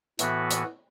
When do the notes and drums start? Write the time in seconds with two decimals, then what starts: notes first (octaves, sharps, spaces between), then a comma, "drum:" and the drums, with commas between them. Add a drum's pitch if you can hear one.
0.19 A2 E3 B3 F#4 B4, drum: hi-hat
0.51 drum: hi-hat